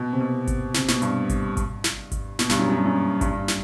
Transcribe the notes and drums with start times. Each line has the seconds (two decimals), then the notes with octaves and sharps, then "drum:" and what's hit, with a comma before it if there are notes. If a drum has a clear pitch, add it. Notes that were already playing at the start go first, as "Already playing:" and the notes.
Already playing: B2
0.13 C3
0.20 B2
0.47 drum: kick G#1, hi-hat
0.74 C3, drum: snare
0.89 B2, drum: snare
1.02 G2, drum: hi-hat
1.30 drum: kick G#1, hi-hat
1.57 drum: kick G#1, hi-hat
1.84 drum: snare
2.12 drum: kick G#1, hi-hat
2.39 B2, drum: snare
2.50 G2, drum: snare
2.59 F#2
2.70 F#2
2.77 G2
2.85 F#2
3.21 G2, drum: kick G#1, hi-hat
3.31 G2
3.48 drum: snare